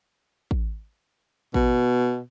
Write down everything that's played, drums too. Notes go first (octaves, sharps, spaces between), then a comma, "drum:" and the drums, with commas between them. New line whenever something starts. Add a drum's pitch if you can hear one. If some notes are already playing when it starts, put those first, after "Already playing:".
drum: kick A1
B2, drum: kick A1